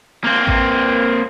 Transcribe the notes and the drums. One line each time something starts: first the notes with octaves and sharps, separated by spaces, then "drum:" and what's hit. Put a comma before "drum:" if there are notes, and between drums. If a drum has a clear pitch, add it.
A#3 C4
drum: kick A1